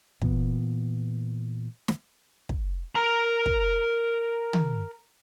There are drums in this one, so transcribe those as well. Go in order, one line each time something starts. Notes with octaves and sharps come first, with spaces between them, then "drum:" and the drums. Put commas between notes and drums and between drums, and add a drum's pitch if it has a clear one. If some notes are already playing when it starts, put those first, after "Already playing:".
A#2 E3 B3, drum: kick
drum: snare
drum: kick
A#4 A#5
drum: kick
drum: tom